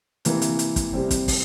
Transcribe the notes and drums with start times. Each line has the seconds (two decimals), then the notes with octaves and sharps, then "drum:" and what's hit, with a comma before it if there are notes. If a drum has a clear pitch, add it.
0.25 C3 E3 A#3, drum: hi-hat
0.42 drum: hi-hat
0.59 drum: hi-hat
0.76 drum: kick, hi-hat
0.93 C3 G3 C4
1.11 drum: kick, hi-hat
1.28 drum: kick, open hi-hat